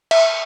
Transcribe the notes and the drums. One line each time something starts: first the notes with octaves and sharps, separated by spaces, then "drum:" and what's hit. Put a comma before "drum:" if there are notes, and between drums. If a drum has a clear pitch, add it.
E5, drum: cymbal